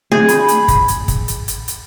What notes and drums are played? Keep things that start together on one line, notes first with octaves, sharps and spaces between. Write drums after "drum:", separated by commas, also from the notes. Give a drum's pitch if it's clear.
A3 C4 D4 G#4
B5, drum: hi-hat
drum: hi-hat
drum: kick, hi-hat
drum: hi-hat
drum: kick, hi-hat
drum: hi-hat
drum: hi-hat
drum: hi-hat